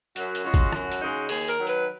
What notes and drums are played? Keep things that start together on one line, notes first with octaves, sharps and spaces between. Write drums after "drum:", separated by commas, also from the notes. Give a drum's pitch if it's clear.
F#2 F#4, drum: hi-hat
drum: hi-hat
C#3 G#3 C#4 F4
drum: kick, hi-hat
F#2, drum: rim click
drum: hi-hat
C#3 G#3 D#4
D#2 G#4, drum: open hi-hat
A#4, drum: hi-hat
D#3 F#3
B4, drum: hi-hat